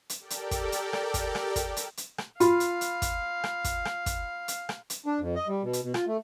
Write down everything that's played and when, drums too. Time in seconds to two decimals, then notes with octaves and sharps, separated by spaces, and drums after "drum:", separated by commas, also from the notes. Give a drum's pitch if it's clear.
0.10 drum: hi-hat
0.19 G4 A4 A#4 D5 G5
0.30 drum: hi-hat
0.51 drum: kick, hi-hat
0.72 drum: hi-hat
0.93 drum: rim click
1.14 drum: kick, hi-hat
1.35 drum: rim click
1.56 drum: kick, hi-hat
1.77 drum: hi-hat
1.97 drum: hi-hat
2.18 drum: rim click
2.40 F4 F5 B5, drum: hi-hat
2.60 drum: hi-hat
2.81 drum: hi-hat
3.02 drum: kick, hi-hat
3.44 drum: rim click
3.64 drum: kick, hi-hat
3.85 drum: rim click
4.06 drum: kick, hi-hat
4.48 drum: hi-hat
4.69 drum: rim click
4.90 drum: hi-hat
5.06 D4
5.20 F2
5.36 D#5
5.48 G3
5.63 B2
5.73 drum: hi-hat
5.83 B2
5.94 F4, drum: rim click
6.07 A3